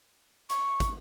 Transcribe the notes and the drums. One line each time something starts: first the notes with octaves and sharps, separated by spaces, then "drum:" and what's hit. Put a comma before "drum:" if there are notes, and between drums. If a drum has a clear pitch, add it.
C#6, drum: hi-hat
drum: kick, hi-hat